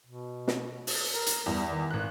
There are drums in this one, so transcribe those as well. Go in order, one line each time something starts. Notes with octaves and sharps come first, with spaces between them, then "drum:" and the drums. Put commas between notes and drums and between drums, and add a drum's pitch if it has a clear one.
B2
drum: snare
drum: open hi-hat
A#4
drum: hi-hat
E2 G3
D#3
G#1 F#6